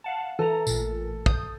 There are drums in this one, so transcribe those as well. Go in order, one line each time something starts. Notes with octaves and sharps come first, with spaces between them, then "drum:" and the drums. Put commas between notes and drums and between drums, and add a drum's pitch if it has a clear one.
F5 F#5 A5
E3 A4 A#5
A1 A#2, drum: tambourine
D#6 G6, drum: kick